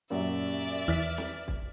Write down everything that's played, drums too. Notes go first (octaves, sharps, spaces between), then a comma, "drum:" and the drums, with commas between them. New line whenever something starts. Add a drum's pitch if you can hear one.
F#2 A#2 F#3 C#4 G4 D5 E5
E2 B4 F6 A6 B6
drum: snare
drum: kick